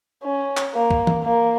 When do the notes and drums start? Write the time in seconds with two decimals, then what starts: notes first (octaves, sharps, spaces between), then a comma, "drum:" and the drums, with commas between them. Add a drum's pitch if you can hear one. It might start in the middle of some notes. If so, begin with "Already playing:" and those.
0.24 C#4
0.57 drum: clap
0.74 A#3
0.91 drum: kick
1.07 drum: tom E3
1.24 A#3